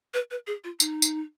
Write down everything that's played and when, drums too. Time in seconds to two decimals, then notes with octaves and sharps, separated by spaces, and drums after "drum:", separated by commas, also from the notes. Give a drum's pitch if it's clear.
0.14 B4
0.31 B4
0.47 G#4
0.64 F4
0.80 D#4, drum: tambourine
1.02 drum: tambourine